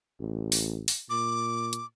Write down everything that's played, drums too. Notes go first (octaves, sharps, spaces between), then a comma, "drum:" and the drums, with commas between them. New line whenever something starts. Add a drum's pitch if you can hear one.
A1
drum: open hi-hat
drum: open hi-hat
A#2 D6
drum: hi-hat